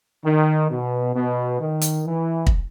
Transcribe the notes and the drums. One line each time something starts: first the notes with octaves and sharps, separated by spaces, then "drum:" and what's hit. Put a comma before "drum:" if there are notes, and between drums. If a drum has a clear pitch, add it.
D#3
B2
B2
D#3
drum: hi-hat
E3
drum: kick